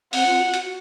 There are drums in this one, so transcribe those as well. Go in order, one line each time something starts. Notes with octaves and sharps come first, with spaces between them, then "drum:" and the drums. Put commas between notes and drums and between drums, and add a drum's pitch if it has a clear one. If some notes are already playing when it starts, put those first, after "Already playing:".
C4 F#5, drum: open hi-hat
F4
F#4
F#4, drum: hi-hat